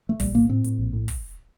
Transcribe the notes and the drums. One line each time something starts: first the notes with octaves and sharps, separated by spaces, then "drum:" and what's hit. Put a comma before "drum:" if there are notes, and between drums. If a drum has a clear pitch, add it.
A3
A#1 G3, drum: kick, open hi-hat
A2 A#3
A2 C4
A2, drum: hi-hat
A#1
A2
drum: kick, open hi-hat